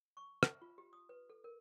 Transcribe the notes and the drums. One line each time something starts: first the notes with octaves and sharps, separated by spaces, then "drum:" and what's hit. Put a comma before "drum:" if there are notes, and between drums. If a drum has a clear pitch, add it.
C#6
E5, drum: rim click
F4
G4
D#6
B4
A4
A#4